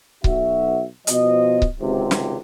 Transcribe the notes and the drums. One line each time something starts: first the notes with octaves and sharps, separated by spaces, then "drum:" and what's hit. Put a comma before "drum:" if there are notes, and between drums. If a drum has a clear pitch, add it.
B1 F#4 E5, drum: kick C#1
B2 F3 D#5, drum: hi-hat
drum: kick C#1
G#1 C#2 G#2 C3
drum: snare